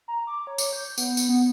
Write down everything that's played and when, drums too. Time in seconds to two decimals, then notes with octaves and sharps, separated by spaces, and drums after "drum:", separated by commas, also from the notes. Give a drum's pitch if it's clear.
0.08 A#5
0.27 D6
0.47 C#5
0.58 drum: tambourine
0.73 G6
0.98 B3, drum: tambourine
1.17 drum: tambourine
1.29 B3